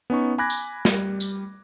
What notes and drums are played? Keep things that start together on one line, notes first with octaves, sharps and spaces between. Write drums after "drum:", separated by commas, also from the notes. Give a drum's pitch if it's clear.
B3 C#4 D#4 C#6
G#5 B5 D6 F#6 G#6 A#6
drum: tambourine
G3, drum: snare
drum: tambourine